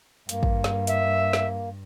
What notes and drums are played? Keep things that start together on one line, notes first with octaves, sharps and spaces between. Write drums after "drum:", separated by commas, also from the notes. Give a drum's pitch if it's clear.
G2 A#3, drum: hi-hat
drum: kick
drum: snare
E5, drum: hi-hat
drum: snare